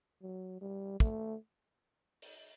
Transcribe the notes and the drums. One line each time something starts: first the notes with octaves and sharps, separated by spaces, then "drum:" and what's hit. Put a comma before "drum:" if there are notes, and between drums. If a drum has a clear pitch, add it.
F#3
G3
A3, drum: kick
drum: open hi-hat